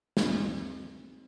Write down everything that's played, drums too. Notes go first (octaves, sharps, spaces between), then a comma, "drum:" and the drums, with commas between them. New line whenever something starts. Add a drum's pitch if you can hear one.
C4 D#4, drum: snare